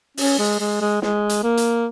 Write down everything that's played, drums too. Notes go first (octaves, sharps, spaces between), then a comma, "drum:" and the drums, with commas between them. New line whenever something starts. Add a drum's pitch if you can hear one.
C#4, drum: open hi-hat
G#3
G#3
G#3
G#3, drum: snare
drum: hi-hat
A#3
drum: hi-hat